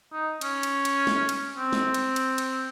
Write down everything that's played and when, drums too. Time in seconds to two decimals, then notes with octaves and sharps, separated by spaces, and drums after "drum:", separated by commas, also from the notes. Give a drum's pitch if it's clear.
0.13 D#4
0.41 C#4, drum: cymbal
0.63 drum: cymbal
0.85 drum: cymbal
1.07 drum: snare
1.29 drum: cymbal
1.57 C4
1.73 drum: snare
1.94 drum: cymbal
2.16 drum: cymbal
2.38 drum: cymbal